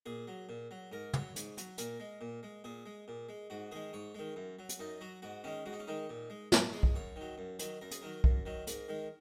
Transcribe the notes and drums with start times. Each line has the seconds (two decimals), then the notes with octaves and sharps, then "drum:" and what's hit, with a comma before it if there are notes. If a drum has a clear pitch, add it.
0.06 A#2 G#4
0.27 F#3
0.49 A#2
0.71 F#3
0.92 G#2 A#4
1.13 F#3 C#5, drum: tom
1.36 G#2, drum: hi-hat
1.57 F#3, drum: hi-hat
1.78 A#2 A#4, drum: hi-hat
2.00 G#3
2.21 A#2
2.43 G#3
2.64 A#2 G#4
2.86 G#3
3.08 A#2
3.29 G#3
3.50 G#2 F#4
3.71 D#3 G#3 G#4
3.93 G#2 C#5
4.15 D#3 G#3
4.36 F#2
4.59 F#3
4.69 drum: hi-hat
4.79 F#2 D#4
5.01 F#3 F#4
5.22 G#2 F#4
5.44 D#3 G#3 C#4
5.66 G#2 F#4
5.73 D#4
5.79 C#4
5.87 D#3 G#3 D#4
6.10 A#2
6.30 G#3
6.52 A#2, drum: snare
6.73 G#3 G#4
6.83 drum: kick
6.94 F#2 C#5
7.16 D#3
7.21 F#3
7.38 F#2
7.59 D#3 F#3, drum: hi-hat
7.81 F#2 A#4
7.91 G#4, drum: hi-hat
8.02 D#3 F#3 A#4
8.24 F#2, drum: kick
8.46 D#3 F#3
8.67 G#2 A#4, drum: hi-hat
8.88 D#3 G#3